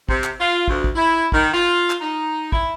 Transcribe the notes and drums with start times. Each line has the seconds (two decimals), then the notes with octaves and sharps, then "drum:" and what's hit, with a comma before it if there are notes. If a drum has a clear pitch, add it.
0.09 C3, drum: kick
0.24 drum: clap
0.38 F4
0.68 D2, drum: kick
0.84 drum: kick
0.95 E4
1.32 D#3, drum: kick
1.52 F4
1.90 drum: clap
2.00 D#4
2.52 E4, drum: kick